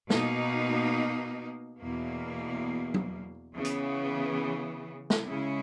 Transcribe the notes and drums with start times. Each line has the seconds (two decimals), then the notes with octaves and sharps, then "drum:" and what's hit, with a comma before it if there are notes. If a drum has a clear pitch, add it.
0.10 B2 A#3 D#4, drum: snare
1.82 E2 B2 A#3
2.94 drum: tom F#3
3.54 C#3 E3 B3
3.65 drum: hi-hat
5.10 drum: snare
5.26 C#3 G#3 C#4 E4